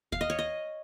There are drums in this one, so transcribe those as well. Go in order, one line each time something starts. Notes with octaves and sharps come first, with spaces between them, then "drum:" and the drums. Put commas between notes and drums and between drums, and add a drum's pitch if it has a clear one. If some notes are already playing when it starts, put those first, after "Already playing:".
F5, drum: kick D#2
D#5
C#5
D#5